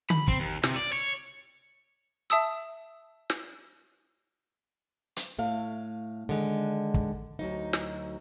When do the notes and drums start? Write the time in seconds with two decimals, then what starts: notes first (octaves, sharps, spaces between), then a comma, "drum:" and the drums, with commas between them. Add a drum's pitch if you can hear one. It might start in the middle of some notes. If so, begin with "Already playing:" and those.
0.10 B5, drum: tom D3
0.28 C4, drum: kick
0.40 D#2
0.63 C3, drum: snare
0.76 D5
0.92 C#5
2.30 E5 A5 D#6 E6
3.30 drum: snare
5.16 drum: hi-hat
5.39 A2 A3 F5
6.29 D3 D#3 G#3
6.94 drum: kick
7.39 D2 F#3 D#4
7.73 drum: snare